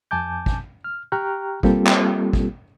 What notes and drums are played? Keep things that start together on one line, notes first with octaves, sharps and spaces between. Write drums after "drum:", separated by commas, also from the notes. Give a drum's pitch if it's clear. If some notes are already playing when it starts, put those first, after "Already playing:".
F2 G#5 A5 D6 G6
drum: kick
F6
G4 G5 A#5 C#6 F6 F#6
G3 A#3 C4 F4 G4 A4, drum: kick
drum: clap
drum: kick